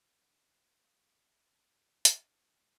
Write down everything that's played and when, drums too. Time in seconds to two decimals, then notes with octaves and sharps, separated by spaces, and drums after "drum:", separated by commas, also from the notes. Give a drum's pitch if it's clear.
0.03 F5
0.26 D4
0.48 B4
0.81 F5
1.23 E5
1.71 G4
1.92 E4
2.05 F#4, drum: hi-hat
2.21 D4
2.58 G#3